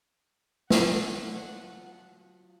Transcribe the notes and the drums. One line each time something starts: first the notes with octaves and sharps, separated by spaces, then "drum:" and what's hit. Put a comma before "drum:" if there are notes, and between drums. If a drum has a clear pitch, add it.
F#3 F4 F#5, drum: snare